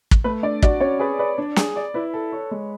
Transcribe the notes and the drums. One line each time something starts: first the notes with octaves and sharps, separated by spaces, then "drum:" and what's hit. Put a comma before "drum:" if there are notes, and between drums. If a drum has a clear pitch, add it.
drum: kick
A3 B4
D4 D5
F#4 D5, drum: kick
C#4 C#5
G#4 B4
B4 D5
D4
G#4, drum: snare
D5
E4 B4
A4
C#5
G#3